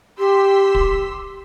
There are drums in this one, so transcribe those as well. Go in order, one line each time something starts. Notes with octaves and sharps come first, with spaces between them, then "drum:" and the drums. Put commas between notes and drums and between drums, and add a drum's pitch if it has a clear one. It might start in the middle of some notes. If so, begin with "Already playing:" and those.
G4 C6 E6 B6
drum: kick